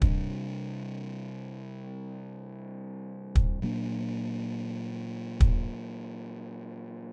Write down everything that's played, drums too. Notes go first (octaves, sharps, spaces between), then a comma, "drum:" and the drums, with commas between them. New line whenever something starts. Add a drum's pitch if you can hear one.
C3 G3 D4, drum: kick
drum: kick
A#2 F#3 A#3 D4
drum: kick